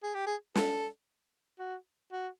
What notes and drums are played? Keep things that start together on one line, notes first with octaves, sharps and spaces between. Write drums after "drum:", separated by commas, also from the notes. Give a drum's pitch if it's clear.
G#4
G4
G#4
A4, drum: snare
F#4
F#4